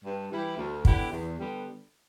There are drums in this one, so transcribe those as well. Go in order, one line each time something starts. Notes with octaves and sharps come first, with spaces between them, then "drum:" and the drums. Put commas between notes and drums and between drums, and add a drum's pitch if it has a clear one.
G2
E3 G3 E4 G4
D2
D3 B3 E4 G4, drum: kick
E2
D3 G3 B3 G4